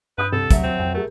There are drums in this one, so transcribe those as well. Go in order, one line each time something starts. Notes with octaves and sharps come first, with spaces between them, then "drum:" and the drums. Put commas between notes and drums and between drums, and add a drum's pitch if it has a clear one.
G2 B4 B5 D#6 G6
C2 A4
D2 F#3 E5, drum: kick, hi-hat
C4
F2 G5
A3 G4 G#4 A#4